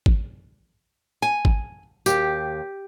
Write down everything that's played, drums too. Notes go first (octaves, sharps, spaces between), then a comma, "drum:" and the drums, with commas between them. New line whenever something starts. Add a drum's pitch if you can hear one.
drum: kick
G#5
drum: kick
D#2 G4, drum: tambourine